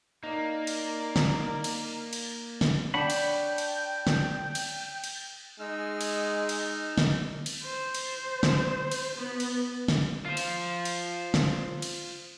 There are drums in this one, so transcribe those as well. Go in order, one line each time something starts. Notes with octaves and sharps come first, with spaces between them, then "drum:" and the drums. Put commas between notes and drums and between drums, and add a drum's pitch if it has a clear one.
A#3 D#4 A#4 D5
drum: cymbal
drum: snare
drum: cymbal
drum: cymbal
drum: snare
D4 C#5 F#5 G5 B5 G6
drum: cymbal
drum: cymbal
drum: snare
drum: cymbal
drum: cymbal
G#3 D#4 E6 F6
drum: cymbal
drum: cymbal
drum: snare
drum: cymbal
C5
drum: cymbal
drum: snare
drum: cymbal
B3
drum: cymbal
drum: snare
F4 C5
drum: cymbal
drum: cymbal
drum: snare
drum: cymbal